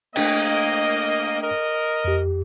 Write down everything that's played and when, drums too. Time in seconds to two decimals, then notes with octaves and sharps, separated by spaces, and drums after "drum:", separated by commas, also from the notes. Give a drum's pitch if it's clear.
0.16 A3 A#3 D4 D#5 G5, drum: cymbal
1.42 A#4 D#5
2.04 F2 G4